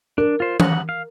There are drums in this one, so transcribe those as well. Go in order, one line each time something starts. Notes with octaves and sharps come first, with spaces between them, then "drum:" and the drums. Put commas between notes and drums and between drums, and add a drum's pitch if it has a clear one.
D4 A#4
F4 C5
F#5, drum: tom E3
F5